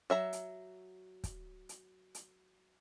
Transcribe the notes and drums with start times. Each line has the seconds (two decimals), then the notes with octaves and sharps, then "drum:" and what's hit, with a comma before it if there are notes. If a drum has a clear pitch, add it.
0.10 F#3 E5 A#5
0.33 drum: hi-hat
1.24 drum: kick, hi-hat
1.69 drum: hi-hat
2.15 drum: hi-hat